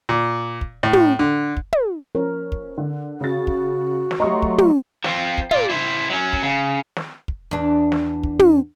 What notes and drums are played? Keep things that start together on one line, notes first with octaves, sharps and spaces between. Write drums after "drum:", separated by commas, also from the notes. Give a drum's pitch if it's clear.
A#2
drum: kick
A2
drum: tom
D3
drum: kick
drum: tom
F3 C#4 A#4
drum: kick
D3
C#3 F#4 A6
drum: kick
drum: snare
F#3 A3 G4 D#5 A#5 C6 C#6
drum: kick
drum: tom
F3 C4, drum: snare
drum: kick
F4 D5, drum: tom
E4 C5
F#3 C#4
drum: kick
C#3
drum: snare
drum: kick
E2 D4
drum: snare
drum: kick
drum: tom